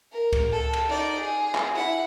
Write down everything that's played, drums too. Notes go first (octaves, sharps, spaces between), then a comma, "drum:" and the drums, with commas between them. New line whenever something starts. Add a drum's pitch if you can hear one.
A#4
drum: kick C#2, cymbal
A4
drum: cymbal
D#4 D5
G#4
drum: clap
E4 F#5